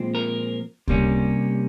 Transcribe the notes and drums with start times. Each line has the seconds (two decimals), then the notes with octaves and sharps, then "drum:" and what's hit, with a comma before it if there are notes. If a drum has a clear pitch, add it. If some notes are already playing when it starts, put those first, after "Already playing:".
Already playing: A#2 F3 G#3 C4
0.15 A#4
0.88 C3 G3 A#3 C#4, drum: kick C#2